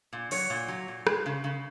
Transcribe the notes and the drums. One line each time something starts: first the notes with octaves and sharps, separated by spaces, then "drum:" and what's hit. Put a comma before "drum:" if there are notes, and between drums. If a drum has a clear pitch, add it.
A#2
F#3 C#5, drum: open hi-hat
A#2
F#3
A#2
G#3, drum: rim click
C#3
C#3